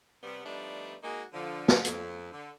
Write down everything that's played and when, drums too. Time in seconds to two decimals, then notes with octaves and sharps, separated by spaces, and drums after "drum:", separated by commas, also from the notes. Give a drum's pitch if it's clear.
0.23 C3 G3 B3
0.45 F3 G3 A3 B3 D4 D#4
1.03 G#3 A#3 D#4 F#4 G#4
1.33 D3 F3
1.68 drum: snare
1.85 F2, drum: hi-hat
2.32 D3